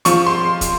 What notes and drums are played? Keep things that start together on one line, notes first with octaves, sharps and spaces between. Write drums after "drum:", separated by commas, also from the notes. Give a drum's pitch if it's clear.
F3 C#6, drum: hi-hat
C6
drum: kick, hi-hat